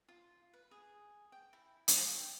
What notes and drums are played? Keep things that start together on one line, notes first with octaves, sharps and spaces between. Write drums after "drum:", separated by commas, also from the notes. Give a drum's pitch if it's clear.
F4
B4
G#4
G5
E4
D5, drum: hi-hat
G5